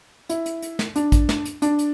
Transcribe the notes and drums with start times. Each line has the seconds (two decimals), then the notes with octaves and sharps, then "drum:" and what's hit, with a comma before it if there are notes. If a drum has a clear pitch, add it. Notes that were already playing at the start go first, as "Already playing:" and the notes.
0.29 E4, drum: hi-hat
0.46 drum: hi-hat
0.62 drum: hi-hat
0.79 drum: snare
0.96 D4, drum: hi-hat
1.12 drum: kick, hi-hat
1.29 drum: snare
1.45 drum: hi-hat
1.62 D4, drum: hi-hat
1.79 drum: hi-hat